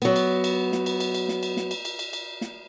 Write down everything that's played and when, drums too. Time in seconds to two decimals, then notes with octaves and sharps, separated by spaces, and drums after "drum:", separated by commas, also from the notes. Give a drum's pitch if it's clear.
0.02 F#3 B3, drum: cymbal
0.16 drum: cymbal
0.44 drum: cymbal
0.72 drum: snare
0.86 drum: cymbal
1.00 drum: cymbal
1.14 drum: cymbal
1.29 drum: snare
1.43 drum: cymbal
1.57 drum: snare
1.71 drum: cymbal
1.85 drum: cymbal
1.99 drum: cymbal
2.13 drum: cymbal
2.41 drum: snare